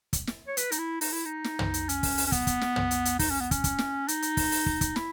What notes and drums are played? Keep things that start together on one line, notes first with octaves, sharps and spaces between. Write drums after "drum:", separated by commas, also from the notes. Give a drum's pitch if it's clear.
drum: kick, hi-hat
drum: snare
C#5
B4, drum: hi-hat
D#4, drum: hi-hat
E4
D#4, drum: open hi-hat
E4
D#4
drum: snare
drum: tom
drum: hi-hat
C#4, drum: hi-hat
drum: kick, open hi-hat
drum: open hi-hat
C#4
B3, drum: kick, hi-hat
drum: kick, hi-hat
drum: snare
drum: tom
drum: hi-hat
drum: hi-hat
D#4, drum: kick, open hi-hat
C#4
B3
C#4, drum: kick, hi-hat
drum: kick, hi-hat
drum: snare
D#4, drum: hi-hat
drum: hi-hat
drum: kick, open hi-hat
drum: open hi-hat
drum: kick
drum: kick, hi-hat
E4, drum: snare